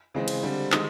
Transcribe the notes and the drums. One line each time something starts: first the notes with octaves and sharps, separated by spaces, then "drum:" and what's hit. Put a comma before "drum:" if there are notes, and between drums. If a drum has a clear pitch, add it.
C#3 E3 G#3 C4
drum: cymbal
D3 G3 C4
D#3 G#3 D#6, drum: clap